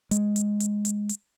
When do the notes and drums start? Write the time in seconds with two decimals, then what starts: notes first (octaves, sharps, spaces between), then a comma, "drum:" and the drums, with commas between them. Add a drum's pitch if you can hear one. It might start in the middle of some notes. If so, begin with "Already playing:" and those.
0.11 G#3, drum: hi-hat
0.36 drum: hi-hat
0.60 drum: hi-hat
0.85 drum: hi-hat
1.09 drum: hi-hat